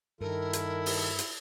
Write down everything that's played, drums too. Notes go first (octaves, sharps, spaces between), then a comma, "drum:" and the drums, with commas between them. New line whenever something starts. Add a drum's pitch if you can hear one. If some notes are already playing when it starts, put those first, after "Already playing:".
G2 D#3 E4 A4 A#4
drum: hi-hat
drum: open hi-hat
drum: hi-hat